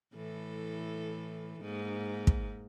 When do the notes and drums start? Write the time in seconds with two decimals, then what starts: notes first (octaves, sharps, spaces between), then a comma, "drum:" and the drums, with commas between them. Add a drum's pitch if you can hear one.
0.14 A2 E3 A4
1.61 G#2 A#3
2.27 drum: kick